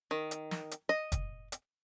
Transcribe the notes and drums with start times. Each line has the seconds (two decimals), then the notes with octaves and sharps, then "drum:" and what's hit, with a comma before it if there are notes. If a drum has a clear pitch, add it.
0.11 D#3
0.31 drum: hi-hat
0.51 drum: snare
0.71 drum: hi-hat
0.89 D#5
1.12 drum: kick, hi-hat
1.52 drum: hi-hat